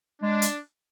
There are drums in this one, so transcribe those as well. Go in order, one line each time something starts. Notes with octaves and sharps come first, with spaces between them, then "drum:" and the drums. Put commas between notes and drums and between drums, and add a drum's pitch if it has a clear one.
G#3 D4
drum: hi-hat